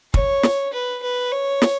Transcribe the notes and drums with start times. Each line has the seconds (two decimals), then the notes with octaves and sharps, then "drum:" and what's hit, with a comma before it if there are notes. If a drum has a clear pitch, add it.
0.14 C#5, drum: kick
0.43 drum: snare
0.73 B4
1.03 B4
1.32 C#5
1.62 drum: snare